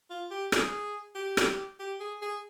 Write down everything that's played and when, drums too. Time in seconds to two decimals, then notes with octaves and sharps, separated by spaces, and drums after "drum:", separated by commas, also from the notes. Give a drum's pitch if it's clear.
0.10 F4
0.31 G4
0.52 G#4, drum: rim click
1.15 G4
1.37 drum: rim click
1.80 G4
2.00 G#4
2.22 G#4